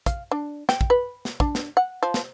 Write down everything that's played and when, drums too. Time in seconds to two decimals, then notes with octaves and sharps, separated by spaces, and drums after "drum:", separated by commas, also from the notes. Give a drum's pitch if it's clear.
0.06 F5, drum: kick, hi-hat
0.31 D4
0.69 G5, drum: snare
0.81 drum: kick
0.90 B4
1.25 drum: snare
1.40 D4, drum: kick
1.55 drum: snare
1.77 F#5
2.03 F3
2.14 drum: snare